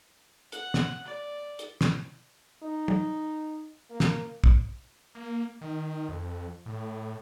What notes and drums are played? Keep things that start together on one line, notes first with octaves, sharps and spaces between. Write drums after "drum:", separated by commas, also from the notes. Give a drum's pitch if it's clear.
F#5, drum: hi-hat
drum: snare
D5
drum: hi-hat
drum: snare
D#4
drum: tom
A#3
drum: snare
drum: kick
A#3
D#3
F2
A2